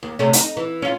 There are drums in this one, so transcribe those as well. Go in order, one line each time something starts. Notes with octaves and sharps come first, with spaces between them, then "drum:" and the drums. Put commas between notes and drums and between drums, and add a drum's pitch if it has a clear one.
D#2
C3 A3 C#4
D#4, drum: hi-hat
E3
C#4 F4